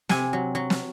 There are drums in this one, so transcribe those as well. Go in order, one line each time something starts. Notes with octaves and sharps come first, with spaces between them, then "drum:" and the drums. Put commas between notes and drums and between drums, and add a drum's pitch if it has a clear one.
C3 G#5, drum: snare
F#3
F#3
drum: snare